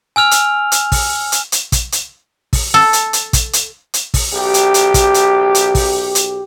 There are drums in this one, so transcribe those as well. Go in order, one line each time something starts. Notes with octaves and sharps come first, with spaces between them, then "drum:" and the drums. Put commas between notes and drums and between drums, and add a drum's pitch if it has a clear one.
G#5 E6 F6 F7
drum: hi-hat
drum: hi-hat
drum: kick, open hi-hat
drum: hi-hat
drum: hi-hat
drum: kick, hi-hat
drum: hi-hat
drum: kick, open hi-hat
A4
drum: hi-hat
drum: hi-hat
drum: kick, hi-hat
drum: hi-hat
drum: hi-hat
drum: kick, open hi-hat
B1 G4
drum: hi-hat
drum: hi-hat
drum: kick, hi-hat
drum: hi-hat
drum: hi-hat
drum: kick, open hi-hat
drum: hi-hat